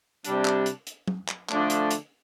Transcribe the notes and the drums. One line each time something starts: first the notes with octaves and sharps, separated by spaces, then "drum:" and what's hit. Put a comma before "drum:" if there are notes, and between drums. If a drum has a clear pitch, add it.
C3 G3 D4, drum: hi-hat
drum: clap
drum: hi-hat
drum: hi-hat
drum: tom F#3
drum: clap
D3 F3 A3 D4, drum: clap
drum: hi-hat
drum: hi-hat